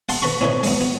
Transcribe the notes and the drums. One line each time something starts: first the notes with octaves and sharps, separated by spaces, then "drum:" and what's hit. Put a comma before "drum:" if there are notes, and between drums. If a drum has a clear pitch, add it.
F#5 A5 C6, drum: open hi-hat
B4 A#5 B5 C#6
C4 C#4 D#4 B4 C#5
G#3 B3, drum: open hi-hat
B3